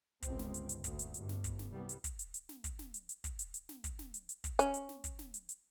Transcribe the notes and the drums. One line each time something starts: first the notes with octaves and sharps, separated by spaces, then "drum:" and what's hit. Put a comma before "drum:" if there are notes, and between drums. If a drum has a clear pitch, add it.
G1 C#2 C4, drum: kick, hi-hat
drum: snare
drum: hi-hat
drum: hi-hat
D2, drum: kick, hi-hat
drum: hi-hat
G1 G2, drum: hi-hat
drum: snare
drum: kick, hi-hat
drum: snare
C2 G3 B3
drum: hi-hat
drum: kick, hi-hat
drum: hi-hat
drum: hi-hat
drum: snare
drum: kick, hi-hat
drum: snare
drum: hi-hat
drum: hi-hat
drum: kick, hi-hat
drum: hi-hat
drum: hi-hat
drum: snare
drum: kick, hi-hat
drum: snare
drum: hi-hat
drum: hi-hat
drum: kick, hi-hat
C#4, drum: hi-hat
drum: hi-hat
drum: snare
drum: kick, hi-hat
drum: snare
drum: hi-hat
drum: hi-hat